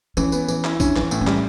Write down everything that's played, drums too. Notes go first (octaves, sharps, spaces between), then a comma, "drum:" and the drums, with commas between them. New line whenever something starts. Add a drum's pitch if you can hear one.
E3 C#4, drum: tambourine
B3, drum: tambourine
E3, drum: tambourine
E4, drum: clap
C#4 D4, drum: kick, tambourine
E3 E4, drum: clap
A2, drum: tambourine
C#4
G3, drum: clap